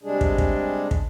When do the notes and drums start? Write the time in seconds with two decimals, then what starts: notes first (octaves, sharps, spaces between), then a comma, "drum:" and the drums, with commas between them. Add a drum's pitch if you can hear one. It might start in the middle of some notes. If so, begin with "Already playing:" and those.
0.03 C3 G3 G#3 D4 G#4
0.21 drum: kick
0.38 drum: kick
0.91 drum: kick